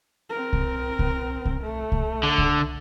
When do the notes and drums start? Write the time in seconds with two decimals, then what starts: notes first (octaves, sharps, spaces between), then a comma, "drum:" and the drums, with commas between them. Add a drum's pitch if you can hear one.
0.30 C4 A#4
0.53 drum: kick C2
0.99 drum: kick C2
1.45 drum: kick C2
1.62 A3
1.92 drum: kick C2
2.23 D3
2.38 drum: kick C2